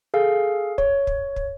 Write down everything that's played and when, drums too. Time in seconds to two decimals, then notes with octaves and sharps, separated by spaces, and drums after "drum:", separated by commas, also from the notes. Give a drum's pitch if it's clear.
0.14 G#4 A4 F5
0.78 C#5, drum: kick
1.07 drum: kick
1.36 drum: kick